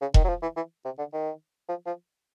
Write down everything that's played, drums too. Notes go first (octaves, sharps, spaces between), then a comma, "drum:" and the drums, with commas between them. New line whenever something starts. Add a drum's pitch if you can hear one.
C#3
D#3, drum: kick E1
F#3
F3
E3
E3
C3
D3
D#3
F3
F3